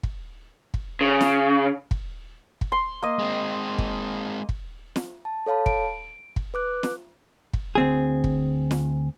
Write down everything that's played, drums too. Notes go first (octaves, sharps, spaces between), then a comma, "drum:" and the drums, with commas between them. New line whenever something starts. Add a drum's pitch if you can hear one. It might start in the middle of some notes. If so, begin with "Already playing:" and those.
drum: kick
drum: kick
C#3
drum: snare
drum: kick
drum: kick
C6
A#3 D#5
G#3 C4
drum: kick
drum: kick
drum: snare
A5
A4 C#5 F5 A5 B5
D7, drum: kick
drum: kick
B4 D6 F#6
drum: snare
drum: kick
D2 C4 G#4
drum: kick
drum: snare